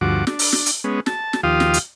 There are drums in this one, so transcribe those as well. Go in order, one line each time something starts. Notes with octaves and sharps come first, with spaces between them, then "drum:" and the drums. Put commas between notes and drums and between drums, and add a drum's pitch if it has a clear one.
D2 G2 F3 F#4 D6
D4, drum: snare
drum: open hi-hat
drum: snare
drum: hi-hat
G#3 B3 C#4
A5, drum: snare
drum: snare
D#2 F3 F4 G4 F5 D#6
drum: snare
drum: hi-hat